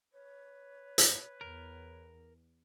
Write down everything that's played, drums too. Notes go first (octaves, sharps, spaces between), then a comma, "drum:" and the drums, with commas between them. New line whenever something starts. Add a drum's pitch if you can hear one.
B4 C#5
drum: hi-hat
E2 A#4